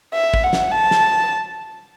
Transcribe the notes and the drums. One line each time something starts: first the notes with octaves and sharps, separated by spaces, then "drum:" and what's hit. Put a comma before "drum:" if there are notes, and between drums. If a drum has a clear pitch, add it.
E5
drum: kick
F#5
drum: snare
A5
drum: snare